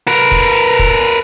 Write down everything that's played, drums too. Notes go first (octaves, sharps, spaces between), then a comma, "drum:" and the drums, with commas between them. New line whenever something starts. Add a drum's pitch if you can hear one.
A#4 B4
drum: kick
drum: kick